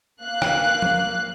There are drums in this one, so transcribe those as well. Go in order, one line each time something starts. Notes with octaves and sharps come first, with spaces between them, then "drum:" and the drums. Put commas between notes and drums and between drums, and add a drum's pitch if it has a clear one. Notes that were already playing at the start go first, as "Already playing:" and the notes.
A#3 F5 F#6
drum: rim click
drum: tom F3